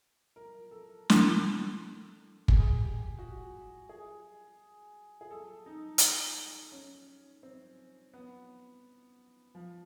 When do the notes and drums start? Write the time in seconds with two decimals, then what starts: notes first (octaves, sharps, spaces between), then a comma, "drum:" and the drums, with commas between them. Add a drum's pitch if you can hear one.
0.36 A#4
0.71 A4
1.10 drum: snare
2.48 G#4, drum: kick
2.84 G4
3.18 F#4
3.89 G#4
5.21 G#4
5.31 A4
5.66 D#4
5.98 drum: hi-hat
6.72 C#4
7.43 C4
8.14 B3
9.55 F3